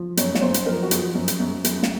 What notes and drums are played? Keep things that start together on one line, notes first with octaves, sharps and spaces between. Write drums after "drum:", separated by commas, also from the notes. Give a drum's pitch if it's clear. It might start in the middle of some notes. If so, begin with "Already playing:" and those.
Already playing: F3
F#2 C#5, drum: hi-hat
C#5, drum: snare
F#2 C5
drum: hi-hat
F3 A#4
F#4
F3 G#4, drum: hi-hat
F#2
drum: hi-hat
F#2
F#2, drum: hi-hat
drum: snare